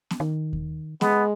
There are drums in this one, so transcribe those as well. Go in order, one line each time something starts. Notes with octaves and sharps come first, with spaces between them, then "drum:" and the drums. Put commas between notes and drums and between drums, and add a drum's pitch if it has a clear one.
drum: snare B3
D#3
drum: kick D#2
G#3 B3, drum: snare B3